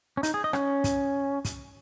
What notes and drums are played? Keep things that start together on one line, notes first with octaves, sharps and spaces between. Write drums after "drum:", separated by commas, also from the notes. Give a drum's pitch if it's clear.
C#4
D#4, drum: hi-hat
G#4
D#5
C#4, drum: rim click
drum: kick, hi-hat
drum: kick, hi-hat